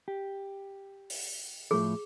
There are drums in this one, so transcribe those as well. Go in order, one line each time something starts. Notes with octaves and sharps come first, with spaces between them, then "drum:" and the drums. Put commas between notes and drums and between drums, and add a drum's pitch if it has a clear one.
G4
drum: open hi-hat
A2 F3 G#4